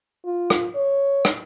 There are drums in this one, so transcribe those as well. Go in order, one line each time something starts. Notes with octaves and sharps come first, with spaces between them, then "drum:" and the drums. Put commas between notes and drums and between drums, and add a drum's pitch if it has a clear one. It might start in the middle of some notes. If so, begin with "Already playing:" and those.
F4
drum: rim click
C#5
drum: rim click